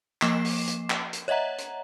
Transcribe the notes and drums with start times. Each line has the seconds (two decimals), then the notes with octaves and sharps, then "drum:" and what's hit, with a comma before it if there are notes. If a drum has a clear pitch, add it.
0.22 F3 A#3 D6 C7 E7, drum: clap
0.45 drum: open hi-hat
0.67 drum: hi-hat
0.90 drum: clap
1.13 drum: hi-hat
1.28 C#5 D#5 E5 F#5 A#5
1.58 drum: hi-hat